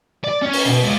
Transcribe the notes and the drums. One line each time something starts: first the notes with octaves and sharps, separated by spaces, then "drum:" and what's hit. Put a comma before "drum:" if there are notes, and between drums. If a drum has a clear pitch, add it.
D5
C#4
drum: open hi-hat
B2
G#3 F4